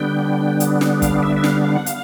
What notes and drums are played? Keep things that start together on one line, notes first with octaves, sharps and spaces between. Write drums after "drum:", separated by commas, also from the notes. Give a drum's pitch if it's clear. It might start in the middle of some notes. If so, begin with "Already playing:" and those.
Already playing: D3 G3 B3 D4 G5
drum: hi-hat
drum: snare
F5, drum: kick, hi-hat
E5
E5
F5, drum: snare
F5
F#5
F5, drum: hi-hat